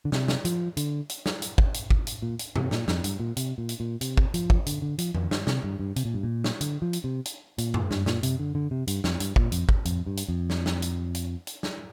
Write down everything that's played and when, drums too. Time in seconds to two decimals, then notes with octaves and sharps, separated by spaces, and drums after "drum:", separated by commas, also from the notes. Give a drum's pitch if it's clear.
0.05 D3
0.12 C3, drum: snare
0.28 drum: snare
0.45 F3, drum: hi-hat
0.77 D3, drum: hi-hat
1.09 drum: hi-hat
1.26 drum: snare
1.42 drum: hi-hat
1.58 drum: kick
1.74 drum: hi-hat
1.90 drum: kick
2.07 drum: hi-hat
2.22 A#2
2.39 drum: hi-hat
2.56 C3, drum: tom G2
2.71 A#2, drum: snare
2.88 F2, drum: snare
3.04 G2, drum: hi-hat
3.20 A#2
3.37 C3, drum: hi-hat
3.58 A#2
3.69 drum: hi-hat
3.80 A#2
4.01 C3, drum: hi-hat
4.17 drum: kick
4.34 F3, drum: hi-hat
4.50 drum: kick
4.66 D3, drum: hi-hat
4.82 D3
4.98 F3, drum: hi-hat
5.15 F2, drum: tom D#3
5.31 G2, drum: snare
5.47 C3, drum: snare
5.64 G2
5.80 G2
5.96 C3, drum: hi-hat
6.05 A#2
6.14 G2
6.23 A#2
6.44 drum: snare
6.61 D3, drum: hi-hat
6.82 F3
6.93 drum: hi-hat
7.04 C3
7.25 drum: hi-hat
7.58 A#2, drum: hi-hat
7.74 drum: tom F#2
7.91 G2, drum: snare
8.06 A#2, drum: snare
8.23 C3, drum: hi-hat
8.40 D3
8.55 D3
8.71 C3
8.87 G2, drum: hi-hat
9.04 F2, drum: snare
9.20 G2, drum: hi-hat
9.36 A#2, drum: kick
9.52 F2, drum: hi-hat
9.69 drum: kick
9.85 F2, drum: hi-hat
10.06 G2
10.17 drum: hi-hat
10.29 F2
10.50 drum: snare
10.66 drum: snare
10.82 drum: hi-hat
11.15 drum: hi-hat
11.47 drum: hi-hat
11.63 drum: snare